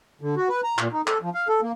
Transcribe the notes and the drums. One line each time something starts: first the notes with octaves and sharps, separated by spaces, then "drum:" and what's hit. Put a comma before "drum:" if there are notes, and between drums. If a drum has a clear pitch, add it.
D3
F#4
B4
A#5
A#2, drum: clap
D#4
A4, drum: clap
F3
F5
A4
A#3